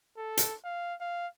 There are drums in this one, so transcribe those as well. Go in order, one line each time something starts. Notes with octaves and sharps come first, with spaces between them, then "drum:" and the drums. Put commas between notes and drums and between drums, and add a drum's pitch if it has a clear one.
A4
drum: hi-hat
F5
F5